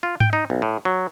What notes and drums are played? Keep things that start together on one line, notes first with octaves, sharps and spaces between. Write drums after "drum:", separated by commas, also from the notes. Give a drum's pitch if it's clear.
F4
G5, drum: tom G#2
D#4
B1
A2
F#3